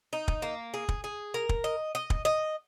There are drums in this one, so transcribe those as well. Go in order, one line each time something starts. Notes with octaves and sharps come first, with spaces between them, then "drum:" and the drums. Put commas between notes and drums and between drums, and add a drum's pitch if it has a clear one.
D#4
drum: kick
A#3
G#4
drum: kick
G#4
A#4
drum: kick
D#5
D#5
drum: kick
D#5